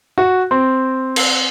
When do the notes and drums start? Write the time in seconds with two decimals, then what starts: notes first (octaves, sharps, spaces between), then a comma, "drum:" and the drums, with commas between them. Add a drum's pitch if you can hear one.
0.18 F#4
0.51 C4
1.16 drum: cymbal